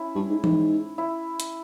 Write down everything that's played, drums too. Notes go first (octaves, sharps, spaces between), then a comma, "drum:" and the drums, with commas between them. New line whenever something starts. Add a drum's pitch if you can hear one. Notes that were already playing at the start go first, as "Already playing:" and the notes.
Already playing: C#4 E4
G2
G#2
G#2, drum: tom E3
E4
drum: hi-hat